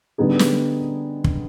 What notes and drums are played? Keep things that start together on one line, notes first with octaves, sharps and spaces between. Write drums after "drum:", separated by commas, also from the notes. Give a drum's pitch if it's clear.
D3 G3 B3 D#4 G#4
drum: snare
drum: kick